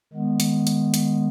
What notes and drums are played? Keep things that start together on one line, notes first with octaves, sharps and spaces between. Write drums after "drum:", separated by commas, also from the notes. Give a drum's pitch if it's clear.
D#3 G#3 B3
drum: hi-hat
drum: hi-hat
drum: hi-hat